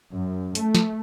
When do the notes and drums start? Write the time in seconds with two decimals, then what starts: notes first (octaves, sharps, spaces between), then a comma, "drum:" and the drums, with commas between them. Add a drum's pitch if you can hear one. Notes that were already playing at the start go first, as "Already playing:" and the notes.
0.11 F#2
0.55 A3, drum: hi-hat
0.75 drum: snare